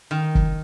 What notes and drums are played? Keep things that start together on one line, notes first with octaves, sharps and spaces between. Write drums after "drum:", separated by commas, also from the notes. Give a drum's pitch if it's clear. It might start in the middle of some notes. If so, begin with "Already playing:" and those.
D#3
drum: kick